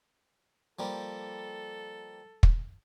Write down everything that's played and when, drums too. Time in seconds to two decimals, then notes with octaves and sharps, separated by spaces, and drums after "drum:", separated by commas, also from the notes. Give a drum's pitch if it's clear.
0.79 F3 G3 A#3 A4
2.43 drum: kick